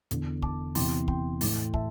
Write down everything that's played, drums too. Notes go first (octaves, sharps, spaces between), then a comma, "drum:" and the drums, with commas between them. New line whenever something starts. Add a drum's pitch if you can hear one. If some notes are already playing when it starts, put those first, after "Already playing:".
E2 D3, drum: hi-hat
A5 D6, drum: kick
E2 C3 E3 G5 C6, drum: open hi-hat
G5 C6, drum: kick
A2 E3, drum: open hi-hat
E5 A5, drum: kick